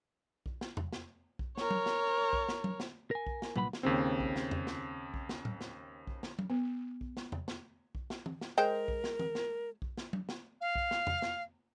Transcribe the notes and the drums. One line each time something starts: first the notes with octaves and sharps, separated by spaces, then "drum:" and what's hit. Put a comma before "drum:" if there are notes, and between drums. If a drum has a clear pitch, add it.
drum: kick B1
drum: snare
drum: tom E2
drum: snare
drum: kick B1
A#4 C#5, drum: snare
drum: tom F#3
drum: snare
drum: kick B1
drum: snare
drum: tom F#3
drum: snare
A#4 G#5
drum: kick B1
drum: snare
C2 A#2 B4 F#5 A#5 B5, drum: tom F#3
drum: snare
D#2 C#3 C4
drum: kick B1
drum: snare
drum: tom E2
drum: snare
drum: kick B1
drum: snare
drum: tom
drum: snare
drum: kick B1
drum: snare
drum: tom F#3
B3
drum: kick B1
drum: snare
drum: tom E2
drum: snare
drum: kick B1
drum: snare
drum: tom
drum: snare
G#3 A#4 C5 G5
drum: kick B1
drum: snare
drum: tom
drum: snare
drum: kick B1
drum: snare
drum: tom F#3
drum: snare
F5
drum: kick B1
drum: snare
drum: tom E2
drum: snare